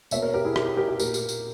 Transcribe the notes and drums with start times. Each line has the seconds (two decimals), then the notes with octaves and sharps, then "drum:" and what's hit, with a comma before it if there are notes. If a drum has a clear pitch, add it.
0.11 B2 A#3 C#5 E5, drum: tambourine
0.22 A#4 C#5
0.34 G4 A#4
0.44 E4 G#4
0.56 G4 A#4, drum: rim click
0.66 G4
0.77 G4 A#4
0.88 G4
0.99 A#2 A#3 G4 A#4, drum: tambourine
1.14 drum: tambourine
1.29 drum: tambourine